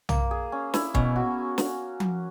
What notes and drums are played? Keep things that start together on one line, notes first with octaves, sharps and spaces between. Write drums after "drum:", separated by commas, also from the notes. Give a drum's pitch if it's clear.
A#3, drum: tom
G#4
C#4
E4, drum: snare
B2 C#4, drum: kick C#1
F#4
drum: snare
drum: tom F3